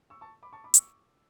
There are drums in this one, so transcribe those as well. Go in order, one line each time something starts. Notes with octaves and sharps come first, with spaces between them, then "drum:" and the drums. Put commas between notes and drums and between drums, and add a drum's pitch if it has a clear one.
C#6 E6
A5 C#6
B5 D6
A5 C#6
B5 D6
C#6 E6, drum: hi-hat